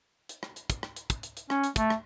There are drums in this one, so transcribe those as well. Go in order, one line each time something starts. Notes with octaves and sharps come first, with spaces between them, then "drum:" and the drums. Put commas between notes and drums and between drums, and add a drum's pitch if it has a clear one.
drum: hi-hat
drum: rim click
drum: hi-hat
drum: kick, hi-hat
drum: rim click
drum: hi-hat
drum: kick, hi-hat
drum: hi-hat
drum: hi-hat
C#4, drum: rim click
drum: hi-hat
A3, drum: kick, hi-hat
drum: rim click